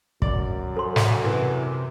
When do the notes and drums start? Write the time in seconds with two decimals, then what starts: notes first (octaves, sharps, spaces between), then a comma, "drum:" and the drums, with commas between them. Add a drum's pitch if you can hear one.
0.22 F#2 D5, drum: kick
0.77 A4 C6
0.96 drum: snare
1.24 C3 E3